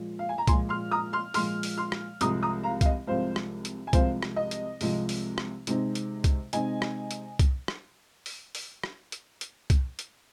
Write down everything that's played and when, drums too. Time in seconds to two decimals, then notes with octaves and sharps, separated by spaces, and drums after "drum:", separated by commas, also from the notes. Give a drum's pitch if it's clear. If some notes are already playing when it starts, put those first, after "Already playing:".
Already playing: A#2 F3 G#3
0.19 F5
0.29 G#5
0.38 A#5
0.47 A#2 F3 G#3 G#5 C6, drum: kick C2, hi-hat
0.69 C6 F6
0.91 A#5 D#6
1.13 C6 F6
1.34 A#2 F3 G#3 C6 F6, drum: open hi-hat
1.63 drum: open hi-hat
1.78 C6 F6
1.92 drum: rim click
2.21 C2 C3 F3 G#3 A#5 D#6, drum: hi-hat
2.42 A#5 D#6
2.64 F5 A#5
2.81 F5, drum: kick C2, hi-hat
2.86 D#5
3.07 C2 C3 F3 G#3 C5 F5
3.36 drum: rim click
3.65 drum: hi-hat
3.87 G#5
3.93 C2 C3 F3 G#3 C5 F5, drum: kick C2, hi-hat
4.23 drum: rim click
4.36 D#5
4.51 drum: hi-hat
4.81 C2 C3 F3 G#3, drum: open hi-hat
5.09 drum: open hi-hat
5.38 drum: rim click
5.67 C3 G#3 C4 D#4, drum: hi-hat
5.95 drum: hi-hat
6.24 drum: kick C2, hi-hat
6.53 C3 G#3 C4 D#4 D#5 G#5, drum: hi-hat
6.82 drum: rim click
7.11 drum: hi-hat
7.39 drum: kick C2, hi-hat
7.68 drum: rim click
8.26 drum: open hi-hat
8.55 drum: open hi-hat
8.84 drum: rim click
9.12 drum: hi-hat
9.41 drum: hi-hat
9.70 drum: kick C2, hi-hat
9.99 drum: hi-hat